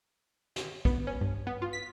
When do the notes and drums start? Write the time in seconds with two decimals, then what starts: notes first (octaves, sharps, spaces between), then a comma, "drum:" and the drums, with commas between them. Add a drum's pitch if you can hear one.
0.56 drum: snare
0.85 B3, drum: kick
1.07 C#4
1.21 G2
1.47 B3
1.62 F4
1.73 B6